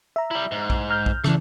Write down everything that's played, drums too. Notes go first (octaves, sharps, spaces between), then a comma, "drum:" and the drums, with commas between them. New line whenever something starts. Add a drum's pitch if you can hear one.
E5 A#5
G3 E4
G#2
drum: kick A#1
A#5 F6 G6
drum: kick A#1
C#3 E3 A3 D4, drum: rim click